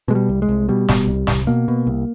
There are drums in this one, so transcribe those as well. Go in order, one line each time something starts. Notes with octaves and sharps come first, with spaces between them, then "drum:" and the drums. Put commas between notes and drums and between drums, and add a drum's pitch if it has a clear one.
B2 G#3
G3
C2
G#3
C2
B2 G3
B2, drum: snare
C2
C2, drum: snare
B2 A#3
B2
C2